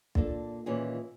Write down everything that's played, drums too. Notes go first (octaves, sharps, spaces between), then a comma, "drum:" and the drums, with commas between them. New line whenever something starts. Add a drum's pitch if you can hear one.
A#2 A#3 D4 A4, drum: kick
A#2 D#3 E3 C#4 F4 G#4